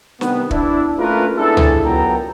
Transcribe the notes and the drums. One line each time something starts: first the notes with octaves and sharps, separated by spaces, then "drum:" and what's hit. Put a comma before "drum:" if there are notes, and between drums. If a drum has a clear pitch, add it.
C3 D#3 G3 B3, drum: snare
D4 E4, drum: kick
A3 A#3 C#4 F4 A#4 B4
G#3 B3 D4 E4 A4
drum: tom
C#2 F#3 B3 A#4 G5 A#5